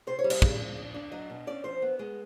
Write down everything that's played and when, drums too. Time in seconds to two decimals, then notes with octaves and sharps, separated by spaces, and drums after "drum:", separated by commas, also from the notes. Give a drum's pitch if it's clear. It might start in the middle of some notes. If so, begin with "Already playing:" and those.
0.07 C3 C5
0.19 C#5
0.24 G3
0.30 D5, drum: cymbal
0.42 G#3, drum: kick
0.59 F3
0.77 D4
0.94 D4
1.12 F#3 D#5
1.30 B2
1.47 C#4 D5
1.64 F3 C5
1.82 B3
1.99 G#3